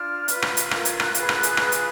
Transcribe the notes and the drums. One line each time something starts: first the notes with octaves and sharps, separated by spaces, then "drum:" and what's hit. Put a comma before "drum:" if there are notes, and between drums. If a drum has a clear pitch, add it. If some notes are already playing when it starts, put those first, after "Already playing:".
Already playing: D4 F4 F6
F4 B4, drum: hi-hat
drum: rim click
drum: hi-hat
F4 A#4, drum: rim click
G#6, drum: hi-hat
F#6, drum: rim click
F4 G#4 B4 F#6, drum: hi-hat
drum: rim click
drum: hi-hat
F4 G#4 B4, drum: rim click
drum: hi-hat